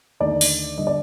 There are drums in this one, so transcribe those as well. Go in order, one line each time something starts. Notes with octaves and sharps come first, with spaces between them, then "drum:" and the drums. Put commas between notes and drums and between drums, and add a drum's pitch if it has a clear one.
D#2 D3 A3 D#4 D5
drum: open hi-hat
D3 G3 D#5
D5